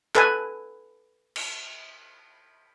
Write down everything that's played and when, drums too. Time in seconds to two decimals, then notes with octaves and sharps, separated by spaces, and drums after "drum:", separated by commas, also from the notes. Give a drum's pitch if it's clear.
0.15 A4 B4 G#5, drum: clap
1.36 drum: cymbal